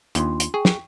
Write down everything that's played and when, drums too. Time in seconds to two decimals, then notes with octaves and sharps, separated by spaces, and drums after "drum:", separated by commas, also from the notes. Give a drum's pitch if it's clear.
0.15 D#2 D4 F4 C6, drum: hi-hat
0.40 drum: hi-hat
0.54 G#4 G5 C#6
0.65 drum: snare